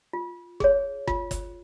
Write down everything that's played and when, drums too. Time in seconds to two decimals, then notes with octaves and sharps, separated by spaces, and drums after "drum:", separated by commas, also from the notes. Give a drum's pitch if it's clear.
0.13 F4
0.60 G#4 C#5, drum: kick G1
1.07 F4, drum: kick G1
1.31 drum: kick G1, hi-hat